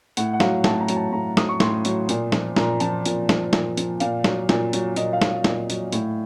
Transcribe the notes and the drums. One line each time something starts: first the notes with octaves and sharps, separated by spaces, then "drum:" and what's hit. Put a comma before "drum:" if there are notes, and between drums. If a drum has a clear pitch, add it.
A2 F#5, drum: hi-hat
F#5
F#3 F5, drum: snare
A2 A5, drum: snare
A#5
F#3, drum: hi-hat
A5
A2 A#5
F#3 D#6, drum: snare
C#6
A2 C6, drum: snare
F#3, drum: hi-hat
A#2, drum: hi-hat
F3, drum: snare
A#2 A#5, drum: snare
F3 A5, drum: hi-hat
A#2, drum: hi-hat
F3, drum: snare
A#2, drum: snare
F3, drum: hi-hat
A#2 F5, drum: hi-hat
F#3, drum: snare
A#2, drum: snare
F#3, drum: hi-hat
A#2 D#5, drum: hi-hat
F5
F#3, drum: snare
F5
A#2, drum: snare
F#3, drum: hi-hat
A2, drum: hi-hat